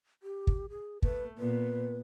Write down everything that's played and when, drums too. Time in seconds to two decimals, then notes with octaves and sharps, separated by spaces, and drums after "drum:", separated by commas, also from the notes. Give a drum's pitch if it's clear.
0.23 G4
0.47 drum: kick
0.70 G#4
1.02 A3 B4, drum: kick
1.38 A#2 B3 B4